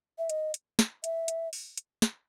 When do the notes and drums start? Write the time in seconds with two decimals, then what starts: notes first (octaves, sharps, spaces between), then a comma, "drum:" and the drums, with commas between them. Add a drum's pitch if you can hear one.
0.18 E5
0.30 D#5, drum: hi-hat
0.54 drum: hi-hat
0.79 drum: snare
1.04 E5, drum: hi-hat
1.28 drum: hi-hat
1.53 drum: open hi-hat
1.77 drum: hi-hat
2.02 drum: snare